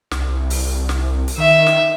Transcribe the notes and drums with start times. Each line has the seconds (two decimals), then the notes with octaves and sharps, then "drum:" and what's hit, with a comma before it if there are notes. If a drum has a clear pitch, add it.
0.11 C2, drum: snare
0.50 drum: open hi-hat
0.89 drum: snare
1.28 drum: hi-hat
1.38 D#3 E5
1.67 drum: snare